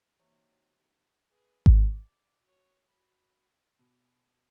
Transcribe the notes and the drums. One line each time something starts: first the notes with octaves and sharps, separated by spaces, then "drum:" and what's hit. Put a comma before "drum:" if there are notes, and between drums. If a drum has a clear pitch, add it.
C3 E3 A#3 D#4 F#4 C#5
G#4 B4
drum: kick G#1
D5
F#4 C#5
F#4 B5
B2